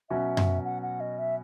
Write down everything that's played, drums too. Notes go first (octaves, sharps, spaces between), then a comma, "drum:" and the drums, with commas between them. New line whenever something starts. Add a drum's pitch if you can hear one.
B2 F#3 C#4 F#4 E5
drum: tom F#2
F#5
F#5
D#5
E5